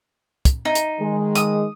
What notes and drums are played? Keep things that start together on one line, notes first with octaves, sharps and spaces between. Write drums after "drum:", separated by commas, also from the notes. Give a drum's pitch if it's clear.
drum: kick, hi-hat
D#4
drum: hi-hat
D#3 G#3
D#6, drum: hi-hat